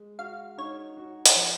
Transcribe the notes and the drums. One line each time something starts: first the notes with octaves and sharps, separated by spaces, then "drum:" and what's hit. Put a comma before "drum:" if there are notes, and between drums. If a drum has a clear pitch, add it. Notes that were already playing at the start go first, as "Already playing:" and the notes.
Already playing: G#3
F#4 F5
D#4 C#5
F#4
drum: hi-hat
F3